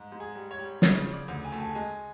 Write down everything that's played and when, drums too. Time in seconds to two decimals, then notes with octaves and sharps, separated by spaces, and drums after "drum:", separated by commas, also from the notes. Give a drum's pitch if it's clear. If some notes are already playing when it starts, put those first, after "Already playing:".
Already playing: G#2
0.12 G#2
0.20 G#4
0.35 G3
0.51 C#5
0.59 G3
0.82 C#3 C#5, drum: snare
1.05 F3
1.13 D5
1.28 D2
1.45 G#5
1.52 A3 A5
1.60 G#5
1.75 G#3 G#5